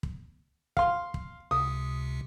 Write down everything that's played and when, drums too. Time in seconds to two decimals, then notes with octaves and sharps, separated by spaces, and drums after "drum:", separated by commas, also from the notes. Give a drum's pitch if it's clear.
0.03 drum: kick
0.77 F5 C6, drum: kick
1.14 drum: kick
1.51 C#2 C3 D#6